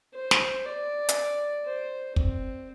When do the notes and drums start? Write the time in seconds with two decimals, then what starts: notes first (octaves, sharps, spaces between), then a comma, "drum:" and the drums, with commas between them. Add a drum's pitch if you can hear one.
0.15 C5
0.31 drum: snare
0.65 D5
1.09 drum: hi-hat
1.66 C5
2.16 C4, drum: kick